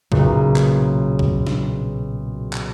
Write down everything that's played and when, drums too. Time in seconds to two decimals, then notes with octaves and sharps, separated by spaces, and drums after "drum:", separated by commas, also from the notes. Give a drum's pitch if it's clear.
0.12 B1 A#2 C#3, drum: kick
0.56 drum: clap
1.19 drum: kick
1.47 drum: snare
2.53 drum: clap